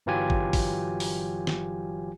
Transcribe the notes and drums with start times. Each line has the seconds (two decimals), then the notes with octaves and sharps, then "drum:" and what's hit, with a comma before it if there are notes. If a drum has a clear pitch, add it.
0.06 G1 E3 F#3 F4 G4 G#5
0.30 drum: kick
0.53 drum: kick, open hi-hat
1.00 drum: open hi-hat
1.47 drum: snare